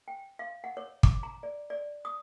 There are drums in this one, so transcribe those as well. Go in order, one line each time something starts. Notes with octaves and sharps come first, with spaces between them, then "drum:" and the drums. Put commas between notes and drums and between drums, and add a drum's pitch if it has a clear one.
G5
F5
F#5
C#5
D6, drum: kick
A#5
D5
D5
D#6